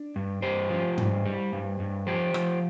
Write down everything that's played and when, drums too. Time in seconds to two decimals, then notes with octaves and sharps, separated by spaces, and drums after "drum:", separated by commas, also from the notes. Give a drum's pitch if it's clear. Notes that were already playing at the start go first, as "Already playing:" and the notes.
Already playing: D4
0.16 G2
0.42 G2 G4 C5
0.70 F3
0.98 G2, drum: tom
1.26 G3
1.52 G2
1.80 G2
2.07 F3 G4 C5
2.34 F3, drum: rim click